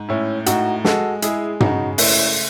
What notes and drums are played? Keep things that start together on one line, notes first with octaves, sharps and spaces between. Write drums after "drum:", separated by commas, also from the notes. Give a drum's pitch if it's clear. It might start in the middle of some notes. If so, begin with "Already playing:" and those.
Already playing: G#2
A2 C#4 E4
A2 D#4 F#4, drum: hi-hat
G#3 F#4 A4, drum: snare
G#3 E4 G#4, drum: hi-hat
C#3 D#4 F#4, drum: tom
A3 C#4 E4, drum: open hi-hat